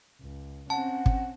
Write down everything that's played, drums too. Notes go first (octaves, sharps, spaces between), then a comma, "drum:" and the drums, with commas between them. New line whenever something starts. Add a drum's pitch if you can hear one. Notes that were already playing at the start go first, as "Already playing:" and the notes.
C#2
C4 C#4 F#5 A5
drum: kick